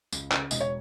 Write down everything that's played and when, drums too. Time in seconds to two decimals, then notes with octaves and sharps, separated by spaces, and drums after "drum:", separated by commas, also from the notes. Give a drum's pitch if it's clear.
0.13 C#2, drum: tambourine
0.32 C#3, drum: clap
0.51 E1 D#5, drum: tambourine
0.61 C#5